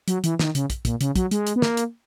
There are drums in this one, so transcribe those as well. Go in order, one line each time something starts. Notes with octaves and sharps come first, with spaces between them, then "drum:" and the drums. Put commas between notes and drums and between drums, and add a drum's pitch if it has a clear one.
F#3, drum: hi-hat
E3, drum: hi-hat
D#3, drum: snare
C#3, drum: hi-hat
drum: kick, hi-hat
A#2, drum: kick, hi-hat
C#3, drum: hi-hat
F#3, drum: kick, hi-hat
G#3, drum: hi-hat
drum: hi-hat
B3
A#3, drum: snare
drum: hi-hat